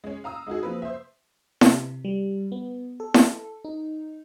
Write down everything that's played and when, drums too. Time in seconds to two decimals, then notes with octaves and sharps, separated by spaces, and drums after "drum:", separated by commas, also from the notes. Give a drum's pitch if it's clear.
0.04 G#3 C#4
0.24 F5 A#5 D#6 E6
0.47 G#3 D#4 F#4 G#4
0.63 F3 A#3 C4 B4
0.82 C5 E5
1.61 C3, drum: snare E4
2.05 G3
2.52 B3
3.00 A4
3.14 drum: snare E4
3.65 D#4